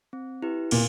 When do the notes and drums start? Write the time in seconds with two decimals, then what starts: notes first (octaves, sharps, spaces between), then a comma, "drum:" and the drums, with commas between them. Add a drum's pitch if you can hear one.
0.13 C4
0.42 E4 G4 B4
0.71 A#2 C4, drum: cymbal